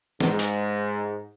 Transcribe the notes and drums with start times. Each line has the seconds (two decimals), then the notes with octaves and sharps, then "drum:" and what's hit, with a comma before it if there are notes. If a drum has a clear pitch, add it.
0.20 G#2, drum: snare
0.39 drum: hi-hat